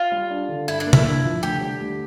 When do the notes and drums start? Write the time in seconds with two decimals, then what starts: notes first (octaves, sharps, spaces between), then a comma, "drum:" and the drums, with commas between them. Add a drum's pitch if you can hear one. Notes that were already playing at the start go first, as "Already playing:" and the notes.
Already playing: F4
0.12 G3
0.30 D4
0.49 D3
0.67 G2 E4
0.80 D4
0.86 A#3
0.93 E4, drum: tom C3
1.05 G2
1.24 F3
1.42 D2 G4
1.61 G3
1.79 D2